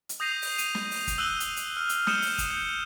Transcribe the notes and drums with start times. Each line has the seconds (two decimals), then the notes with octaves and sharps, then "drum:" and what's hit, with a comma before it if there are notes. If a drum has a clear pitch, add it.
0.09 drum: hi-hat
0.20 D#6 G6 A#6 C7 D#7 F7
0.42 drum: open hi-hat
0.58 D#7, drum: hi-hat
0.75 drum: snare
0.91 drum: open hi-hat
1.07 drum: kick, hi-hat
1.18 E6 F#6 D#7 F#7 G7
1.40 drum: hi-hat
1.57 drum: hi-hat
1.77 F6 G7
1.89 drum: hi-hat
2.07 D#6 G6 C#7 D#7 E7 G7, drum: snare
2.22 drum: open hi-hat
2.38 drum: kick, hi-hat
2.51 G6